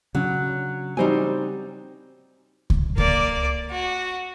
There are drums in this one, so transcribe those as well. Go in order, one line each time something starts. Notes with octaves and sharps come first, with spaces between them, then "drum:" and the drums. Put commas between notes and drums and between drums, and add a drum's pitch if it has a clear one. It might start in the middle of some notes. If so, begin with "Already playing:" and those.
C#3 F#3 C#4 D4
F#3 G3 C4 D#4 C5 G#5
drum: kick C#2
A#3 D5, drum: kick C#2
F#4